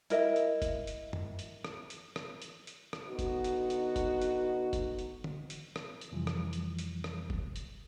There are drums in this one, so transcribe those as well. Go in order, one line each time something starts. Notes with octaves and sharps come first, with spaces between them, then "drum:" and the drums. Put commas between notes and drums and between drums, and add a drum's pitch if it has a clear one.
E4 A#4 D#5 E5, drum: hi-hat
drum: hi-hat
drum: kick, hi-hat
drum: hi-hat
drum: tom
drum: hi-hat
drum: rim click
drum: hi-hat
drum: rim click
drum: hi-hat
drum: hi-hat
drum: rim click
D3 B3 D#4 F#4
drum: kick, hi-hat
drum: hi-hat
drum: hi-hat
drum: kick, hi-hat
drum: hi-hat
drum: kick, hi-hat
drum: hi-hat
drum: tom D3
drum: hi-hat
drum: rim click
drum: hi-hat
F2 C3 E3 F3 G3
drum: rim click
drum: hi-hat
drum: hi-hat
drum: rim click
drum: kick
drum: hi-hat